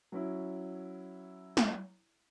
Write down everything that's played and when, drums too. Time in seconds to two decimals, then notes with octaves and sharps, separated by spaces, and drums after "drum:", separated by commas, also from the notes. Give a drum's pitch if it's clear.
0.12 F#3 C#4 E4
1.57 drum: snare